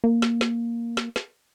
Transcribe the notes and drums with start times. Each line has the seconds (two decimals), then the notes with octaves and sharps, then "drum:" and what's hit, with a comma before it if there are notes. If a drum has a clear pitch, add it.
0.04 A#3
0.22 drum: snare
0.41 drum: snare
0.97 drum: snare
1.16 drum: snare